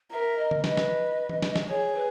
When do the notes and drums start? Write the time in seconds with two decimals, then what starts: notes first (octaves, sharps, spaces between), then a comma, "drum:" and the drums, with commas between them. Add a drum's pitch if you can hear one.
0.12 A#4 E5
0.38 D#5
0.51 drum: tom D3
0.64 B4 D#5, drum: snare
0.77 drum: snare
1.29 drum: tom E3
1.43 drum: snare
1.56 drum: snare
1.69 G#4 C#5
1.95 B4